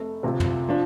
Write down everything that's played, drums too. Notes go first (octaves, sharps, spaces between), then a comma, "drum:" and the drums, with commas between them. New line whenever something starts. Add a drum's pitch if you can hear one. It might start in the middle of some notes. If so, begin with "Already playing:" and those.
Already playing: F1 A3
D2 C3 F3
drum: tom
F3 D4